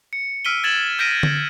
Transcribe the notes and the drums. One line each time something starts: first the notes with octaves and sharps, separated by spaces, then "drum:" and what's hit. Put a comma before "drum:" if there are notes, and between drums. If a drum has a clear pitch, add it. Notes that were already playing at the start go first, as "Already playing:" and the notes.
C#7
E6 F6 B6 D7 D#7 G7
G#6 A6 E7 F#7
F6 G6 A#6 B6 D7 D#7
drum: tom D3